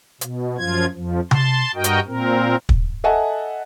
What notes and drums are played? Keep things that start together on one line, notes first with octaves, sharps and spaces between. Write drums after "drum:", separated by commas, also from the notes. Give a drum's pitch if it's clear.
B2, drum: hi-hat
F#2 F3 F4 G#6
F2 F3
A5 C6, drum: tom C3
G2 F#4 A#4 D#5 G5
drum: hi-hat
A#2 C4 A#4
drum: kick
A4 D#5 E5 F#5 G#5 A5